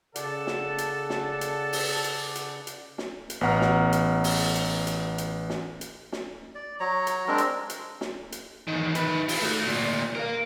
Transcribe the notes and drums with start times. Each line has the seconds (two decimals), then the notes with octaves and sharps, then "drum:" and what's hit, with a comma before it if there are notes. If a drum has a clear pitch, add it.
0.16 C#3 A4 D5 F#5 A5, drum: hi-hat
0.47 drum: snare
0.78 drum: hi-hat
1.10 drum: snare
1.41 drum: hi-hat
1.73 drum: open hi-hat
2.04 drum: hi-hat
2.35 drum: hi-hat
2.67 drum: hi-hat
2.98 drum: snare
3.30 drum: hi-hat
3.41 A1 B3 F#5 A#5 F6
3.61 drum: snare
3.93 drum: hi-hat
4.24 drum: open hi-hat
4.55 drum: hi-hat
4.87 drum: hi-hat
5.18 drum: hi-hat
5.50 drum: snare
5.81 drum: hi-hat
6.12 drum: snare
6.55 D5
6.80 F#3 C#5 A#5
7.07 drum: hi-hat
7.28 G#3 C4 D4 A#4
7.38 drum: hi-hat
7.70 drum: hi-hat
8.01 drum: snare
8.32 drum: hi-hat
8.68 E2 D#3
8.95 D#3 B4, drum: hi-hat
9.28 E4 F4, drum: open hi-hat
9.42 A3 F#4
9.66 D2 A#2
10.15 A#4 F5